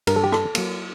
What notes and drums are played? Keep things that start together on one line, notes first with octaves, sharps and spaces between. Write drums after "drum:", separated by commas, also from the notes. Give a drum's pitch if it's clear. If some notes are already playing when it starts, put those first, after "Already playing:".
G2 A#4, drum: cymbal
A4
G4
A4, drum: rim click
F#3 A#3, drum: cymbal